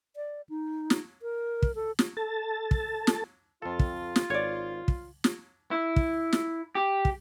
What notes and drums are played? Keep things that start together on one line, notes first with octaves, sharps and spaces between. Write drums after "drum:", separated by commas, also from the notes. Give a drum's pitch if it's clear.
D5
D#4
drum: snare
A#4
drum: kick
A4
drum: snare
A4 A5
drum: kick
drum: snare
F2 F4 A4
drum: kick
drum: snare
G#1 C#5 D5
drum: kick
drum: snare
E4
drum: kick
drum: snare
G4
drum: kick